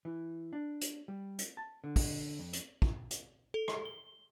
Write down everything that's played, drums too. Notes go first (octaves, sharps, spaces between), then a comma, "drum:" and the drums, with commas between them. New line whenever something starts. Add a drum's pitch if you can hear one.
E3
D4
drum: hi-hat
G3
drum: hi-hat
A5
D3
drum: kick, open hi-hat
F2
drum: hi-hat
drum: kick
drum: hi-hat
A4
drum: rim click
G7